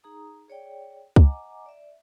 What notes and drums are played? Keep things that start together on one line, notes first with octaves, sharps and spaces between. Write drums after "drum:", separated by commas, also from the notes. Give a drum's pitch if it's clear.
D#4 G#4 A#5 D#6
G#4 C#5 D5 G5
D#5 F#5 G#5 A#5 D6, drum: kick C#2
D5 E5